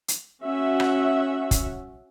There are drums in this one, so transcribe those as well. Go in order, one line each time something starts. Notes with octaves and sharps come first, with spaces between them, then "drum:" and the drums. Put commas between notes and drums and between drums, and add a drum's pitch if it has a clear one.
drum: hi-hat
C#4 F#4 E5 F#5
drum: rim click
drum: kick, hi-hat